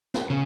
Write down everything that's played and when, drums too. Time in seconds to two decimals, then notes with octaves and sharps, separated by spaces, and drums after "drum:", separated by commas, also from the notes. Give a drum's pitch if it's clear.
0.14 drum: snare
0.30 C#3